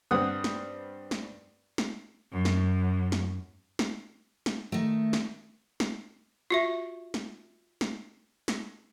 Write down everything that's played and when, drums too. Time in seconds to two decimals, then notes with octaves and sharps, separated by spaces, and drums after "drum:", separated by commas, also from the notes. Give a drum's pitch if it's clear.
0.11 G2 B3 C4 F#5 D#6 F#6
0.44 drum: snare
1.11 drum: snare
1.78 drum: snare
2.30 F#2
2.45 drum: snare
3.12 drum: snare
3.79 drum: snare
4.46 drum: snare
4.72 D#3 A3
5.13 drum: snare
5.80 drum: snare
6.50 F4 F#4 E5
7.14 drum: snare
7.81 drum: snare
8.48 drum: snare